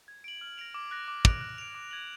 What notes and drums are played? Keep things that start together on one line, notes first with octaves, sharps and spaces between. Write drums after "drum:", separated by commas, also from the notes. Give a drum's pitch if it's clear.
G#6
D7 F#7
F6
A#6 D7 F7
D6
F#6 A#6
D6
F#6 D7 F7, drum: kick
F#6
D7 F7
D6
G#6 D#7 F#7